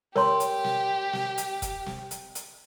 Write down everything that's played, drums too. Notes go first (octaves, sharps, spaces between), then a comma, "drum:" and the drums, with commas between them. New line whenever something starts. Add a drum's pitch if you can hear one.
G4 A#4 C#5 C6, drum: snare
drum: hi-hat
drum: snare
drum: snare
drum: hi-hat
drum: kick, hi-hat
drum: snare
drum: hi-hat
drum: hi-hat